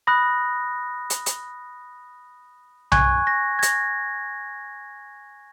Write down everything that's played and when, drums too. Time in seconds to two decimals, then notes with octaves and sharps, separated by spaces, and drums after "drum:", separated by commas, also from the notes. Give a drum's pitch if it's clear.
0.07 B5 D#6 F#6 A#6
1.10 drum: hi-hat
1.26 drum: hi-hat
2.92 G#5 C#6 F#6 G#6, drum: tom B1
3.27 A#6
3.59 G#6
3.62 A#6, drum: hi-hat